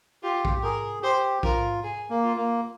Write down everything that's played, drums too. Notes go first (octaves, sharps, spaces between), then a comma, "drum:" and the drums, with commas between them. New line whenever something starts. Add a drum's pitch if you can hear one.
F4 G4
F4, drum: kick A#1
G4
G#4 A#4
G4 C5
F4 A#4, drum: kick A#1
G#4
A#3
F4
A#3